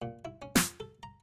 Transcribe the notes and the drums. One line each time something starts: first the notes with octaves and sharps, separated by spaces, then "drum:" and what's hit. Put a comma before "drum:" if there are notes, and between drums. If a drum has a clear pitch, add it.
A#2
E4
C#4
F2, drum: snare
A4
A#5